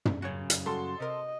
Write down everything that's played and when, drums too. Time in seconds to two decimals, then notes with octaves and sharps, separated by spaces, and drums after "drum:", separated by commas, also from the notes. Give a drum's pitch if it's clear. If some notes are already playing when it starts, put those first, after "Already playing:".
0.05 drum: tom
0.22 F#2 C#3 F#4 C#5
0.50 drum: hi-hat
0.66 G3 F#4 A4 C6
1.00 C3 A#4 D#5